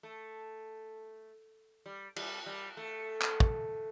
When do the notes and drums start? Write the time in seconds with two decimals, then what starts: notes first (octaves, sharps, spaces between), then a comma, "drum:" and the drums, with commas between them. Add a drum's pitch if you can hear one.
0.03 A3
1.86 G3
2.16 G3, drum: cymbal
2.46 G3
2.77 A3
3.22 drum: clap
3.40 drum: kick